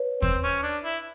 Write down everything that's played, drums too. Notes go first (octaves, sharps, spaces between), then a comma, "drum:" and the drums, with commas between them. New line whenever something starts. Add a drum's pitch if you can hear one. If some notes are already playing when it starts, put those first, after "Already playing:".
Already playing: B4 C#5
C4, drum: kick
C#4
D4
E4